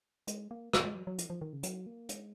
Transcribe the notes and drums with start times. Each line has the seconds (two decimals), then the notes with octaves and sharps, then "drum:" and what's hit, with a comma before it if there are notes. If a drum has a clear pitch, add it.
0.27 G#3, drum: hi-hat
0.51 A#3
0.73 A#3, drum: rim click
0.85 G#3
0.95 F#3
1.07 F#3
1.18 F3, drum: hi-hat
1.30 F3
1.41 D#3
1.53 C#3
1.63 F#3, drum: hi-hat
1.87 A#3
2.09 G#3, drum: hi-hat